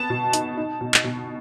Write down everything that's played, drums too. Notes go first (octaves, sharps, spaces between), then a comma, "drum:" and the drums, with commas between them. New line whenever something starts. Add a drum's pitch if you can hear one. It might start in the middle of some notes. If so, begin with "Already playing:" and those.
Already playing: B3 A5
B2
D#4, drum: hi-hat
D#4
B2
drum: clap
B2